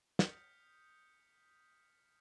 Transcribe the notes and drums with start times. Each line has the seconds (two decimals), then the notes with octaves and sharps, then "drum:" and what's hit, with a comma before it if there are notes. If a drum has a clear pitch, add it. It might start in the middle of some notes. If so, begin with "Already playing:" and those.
0.19 D#6 F6 G6 B6 C#7, drum: snare